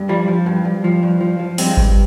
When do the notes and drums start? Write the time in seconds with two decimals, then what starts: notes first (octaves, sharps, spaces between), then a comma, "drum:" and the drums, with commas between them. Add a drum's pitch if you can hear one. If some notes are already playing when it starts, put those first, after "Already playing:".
Already playing: G2
0.09 F3 G3
0.28 F3
0.46 G2
0.65 G2
0.84 F3
1.03 G2
1.21 F3
1.39 F3
1.58 G2 G#3 C4, drum: open hi-hat
1.77 G2, drum: kick G#1